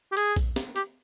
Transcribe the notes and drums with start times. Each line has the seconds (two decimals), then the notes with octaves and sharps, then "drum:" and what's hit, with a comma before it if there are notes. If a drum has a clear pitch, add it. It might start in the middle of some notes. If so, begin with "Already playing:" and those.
0.12 G4
0.17 G#4, drum: hi-hat
0.36 drum: kick A#1, hi-hat
0.56 drum: snare
0.76 G4, drum: hi-hat